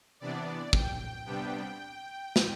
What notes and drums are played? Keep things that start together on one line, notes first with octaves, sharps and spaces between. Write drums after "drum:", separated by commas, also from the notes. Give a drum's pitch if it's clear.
C3 E3 B3 D4 D5
G5, drum: kick
C3 G3 B3 D4 G5
drum: snare